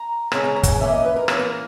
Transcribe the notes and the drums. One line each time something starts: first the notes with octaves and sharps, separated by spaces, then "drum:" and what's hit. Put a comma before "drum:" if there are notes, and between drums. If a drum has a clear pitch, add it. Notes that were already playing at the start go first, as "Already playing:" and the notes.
Already playing: A#5
C#3 G#3 C#4 A#5, drum: rim click
A#5
A#5
F#5, drum: kick, hi-hat
G#5
E3 A#3 C#4 E5
D#5
B4
A#4
E3 A#3 C#4 B4, drum: rim click
A#4